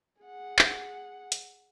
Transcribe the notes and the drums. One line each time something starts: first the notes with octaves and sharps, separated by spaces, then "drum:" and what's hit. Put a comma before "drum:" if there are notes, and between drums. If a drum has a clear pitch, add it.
G#4 F#5
drum: clap
drum: hi-hat